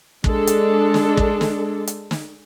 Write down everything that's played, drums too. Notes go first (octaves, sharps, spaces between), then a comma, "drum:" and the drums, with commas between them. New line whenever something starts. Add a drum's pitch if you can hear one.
G#3 D4 A4, drum: kick
drum: hi-hat
drum: snare
drum: kick
drum: snare
drum: hi-hat
drum: snare